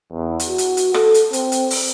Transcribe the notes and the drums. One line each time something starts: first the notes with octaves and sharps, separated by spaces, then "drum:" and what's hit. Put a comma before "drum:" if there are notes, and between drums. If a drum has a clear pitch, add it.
E2
drum: hi-hat
F#4
drum: hi-hat
drum: hi-hat
A4, drum: rim click
drum: hi-hat
C4, drum: hi-hat
drum: hi-hat
drum: open hi-hat